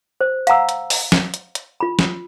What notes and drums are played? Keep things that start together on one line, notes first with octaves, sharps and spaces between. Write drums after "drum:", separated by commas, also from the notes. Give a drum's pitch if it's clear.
C5
F5 F#5 A#5 E6, drum: hi-hat
drum: hi-hat
drum: open hi-hat
drum: snare
drum: hi-hat
drum: hi-hat
F4 B5
drum: snare